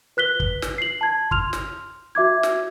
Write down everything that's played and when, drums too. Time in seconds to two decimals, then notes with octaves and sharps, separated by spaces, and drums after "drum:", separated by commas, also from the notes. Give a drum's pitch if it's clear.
0.17 B4 F#6 B6 G7
0.40 drum: kick
0.62 drum: snare
0.78 C7 F#7
1.01 A5 G#6
1.31 C6 F6 F7, drum: kick
1.53 drum: snare
2.15 F#4 E5 D6 G#6
2.43 drum: snare